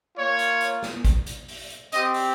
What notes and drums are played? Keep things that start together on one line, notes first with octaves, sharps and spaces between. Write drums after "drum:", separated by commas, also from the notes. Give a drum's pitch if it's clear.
A#3 F4 C#5
drum: hi-hat
drum: hi-hat
drum: snare
drum: kick, hi-hat
drum: hi-hat
drum: open hi-hat
drum: hi-hat
C4 G4 D#5, drum: hi-hat
drum: open hi-hat